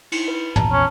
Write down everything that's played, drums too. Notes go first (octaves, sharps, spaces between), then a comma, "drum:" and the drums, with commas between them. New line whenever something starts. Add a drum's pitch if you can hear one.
D#4 E4, drum: cymbal
B4
A#1 E2 A5 A#5, drum: tom
C#4